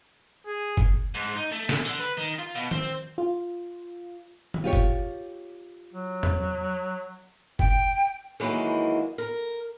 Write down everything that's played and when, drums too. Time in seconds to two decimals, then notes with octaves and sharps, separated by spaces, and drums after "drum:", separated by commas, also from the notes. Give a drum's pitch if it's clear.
0.47 G#4
0.77 drum: kick F#1
1.15 G#2
1.36 D#4
1.52 A3
1.69 E2, drum: snare
1.85 D3, drum: hi-hat
1.99 B4
2.17 D#3
2.39 F4
2.55 B2
2.71 C4, drum: tom D#3
3.18 F4
4.54 drum: tom D#3
4.64 F4 G4 C#5
4.73 drum: kick F#1
5.93 F#3
6.23 drum: tom E2
7.59 G5, drum: kick F#1
8.40 D#3 E3 F#3 G#3 A#3 E4
9.18 A#4